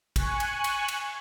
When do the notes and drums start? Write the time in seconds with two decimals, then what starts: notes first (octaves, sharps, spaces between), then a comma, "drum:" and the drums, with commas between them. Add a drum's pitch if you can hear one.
0.16 G#5 C#6 F#6, drum: kick, cymbal
0.40 drum: cymbal
0.64 drum: cymbal
0.88 drum: cymbal